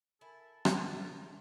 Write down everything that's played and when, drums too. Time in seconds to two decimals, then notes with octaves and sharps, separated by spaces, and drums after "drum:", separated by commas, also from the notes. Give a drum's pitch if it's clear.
0.21 E4 A4 A#4 G#5 B5
0.65 drum: rim click
0.87 F#1 E5